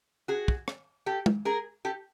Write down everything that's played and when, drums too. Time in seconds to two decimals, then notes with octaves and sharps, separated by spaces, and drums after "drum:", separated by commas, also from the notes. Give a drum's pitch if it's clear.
0.28 F#4 G#4
0.48 drum: kick
0.68 drum: rim click
1.06 G4 A4
1.26 drum: tom
1.45 G#4 A#4
1.85 G4 A4